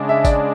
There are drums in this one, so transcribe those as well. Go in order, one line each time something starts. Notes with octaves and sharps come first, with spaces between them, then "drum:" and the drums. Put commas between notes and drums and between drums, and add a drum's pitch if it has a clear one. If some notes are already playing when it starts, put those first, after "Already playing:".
Already playing: C#3 G#3 D4
E5
D5, drum: kick G#1, tambourine